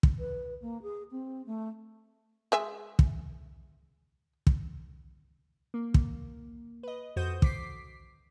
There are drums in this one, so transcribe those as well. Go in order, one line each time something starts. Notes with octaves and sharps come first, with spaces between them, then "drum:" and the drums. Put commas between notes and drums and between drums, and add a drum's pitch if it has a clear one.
drum: kick
B4
A#3
G#4
C4
A3
G#3 E5 G#5
drum: kick
drum: kick
A#3
drum: kick
B4 D#5
F2 F#4 C5 D#6 G6
D6 B6 C7, drum: kick